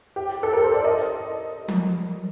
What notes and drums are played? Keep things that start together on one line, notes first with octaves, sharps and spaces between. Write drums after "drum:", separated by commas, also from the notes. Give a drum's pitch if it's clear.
G4
A4
A#4
C5
D5
D#5
drum: tom F3